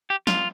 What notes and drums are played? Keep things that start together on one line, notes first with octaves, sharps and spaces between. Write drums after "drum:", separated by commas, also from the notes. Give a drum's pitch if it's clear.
G4
F4, drum: snare